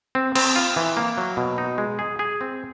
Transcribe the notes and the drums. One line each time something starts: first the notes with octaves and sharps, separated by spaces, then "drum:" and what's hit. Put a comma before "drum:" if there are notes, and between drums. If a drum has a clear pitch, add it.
C4
C4, drum: cymbal
F4
E3
A#3
F#3
B2
D#4
G#3
G#4
G#4
C4